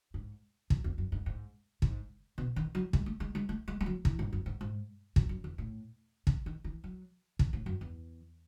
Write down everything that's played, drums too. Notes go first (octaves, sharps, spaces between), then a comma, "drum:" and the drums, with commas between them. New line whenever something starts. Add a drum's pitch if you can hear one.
G#2
F#2, drum: kick
E2
F#2
G#2
G#2
G#2, drum: kick
B2
D#3
F#3
G#3, drum: kick
A3
G#3
G#3
A3
G#3
G#3
F#3
E3, drum: kick
G#2
F#2
G#2
G#2
F#2, drum: kick
F#2
E2
A2
C#3, drum: kick
D#3
E3
F#3
D#3, drum: kick
A2
F#2
E2